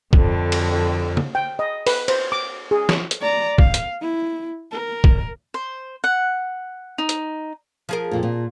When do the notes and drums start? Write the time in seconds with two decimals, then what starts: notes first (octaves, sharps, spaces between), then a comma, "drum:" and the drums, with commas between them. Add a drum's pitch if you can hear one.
0.13 F2 D3, drum: kick
0.52 drum: cymbal
1.17 drum: tom C#3
1.35 G5
1.59 D#5
1.87 B4, drum: open hi-hat
2.08 C5, drum: cymbal
2.32 D6
2.71 G#4
2.89 drum: snare
3.11 drum: hi-hat
3.21 D5 A#5
3.58 F5, drum: kick
3.74 drum: hi-hat
4.01 E4
4.72 A#4
5.04 drum: kick
5.54 C5
6.04 F#5
6.98 D#4
7.09 drum: hi-hat
7.89 F3 G#4 A#4
8.11 F2 A#2
8.23 A#2